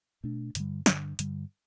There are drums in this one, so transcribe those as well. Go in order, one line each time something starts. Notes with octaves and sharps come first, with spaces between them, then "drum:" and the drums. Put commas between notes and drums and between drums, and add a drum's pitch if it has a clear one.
B2 A3 D4
G2 D3 G3, drum: hi-hat
G2 D3 G3, drum: snare
G2 D3 G3, drum: hi-hat